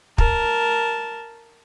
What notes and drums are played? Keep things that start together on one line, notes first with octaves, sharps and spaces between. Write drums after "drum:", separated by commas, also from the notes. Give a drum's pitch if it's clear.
A#4 A5, drum: kick